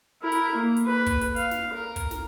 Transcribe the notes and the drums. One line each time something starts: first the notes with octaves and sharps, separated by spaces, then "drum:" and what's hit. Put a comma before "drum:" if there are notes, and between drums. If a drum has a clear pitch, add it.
E4 A#4
drum: hi-hat
A#3
drum: hi-hat
B4
drum: kick, hi-hat
drum: hi-hat
F5, drum: hi-hat
drum: snare
A#4
drum: kick, hi-hat
drum: snare